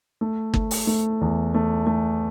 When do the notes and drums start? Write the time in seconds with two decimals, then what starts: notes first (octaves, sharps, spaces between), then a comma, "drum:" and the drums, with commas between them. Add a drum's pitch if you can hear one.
0.21 A3
0.54 A3, drum: kick
0.71 drum: open hi-hat
0.87 A3
1.21 E2
1.54 A3
1.87 A3